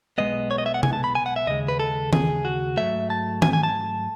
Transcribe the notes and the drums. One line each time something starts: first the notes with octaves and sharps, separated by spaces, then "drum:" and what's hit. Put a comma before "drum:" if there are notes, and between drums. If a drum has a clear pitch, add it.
B1 B2 G#3 B3 D#5
C#5
D#5
E5
F#5
G#5, drum: tom C3
A5
B5
G#5
F#5
E5
D#2 C#3 G#3 D#5
B4
A4
G#4, drum: tom D#3
F#4
G#2 F#3 A3 E5
A5
G#5, drum: tom D#3
G#5
A5